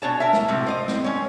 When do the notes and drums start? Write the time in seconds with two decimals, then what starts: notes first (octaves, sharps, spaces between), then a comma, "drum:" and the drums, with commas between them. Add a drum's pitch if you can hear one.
0.02 B2 D4 C#5 A5
0.20 A#4 E5
0.33 drum: snare
0.48 A2 C3 F#3
0.66 C5 D5 D#5
0.88 C4, drum: snare
1.04 C#4 C#5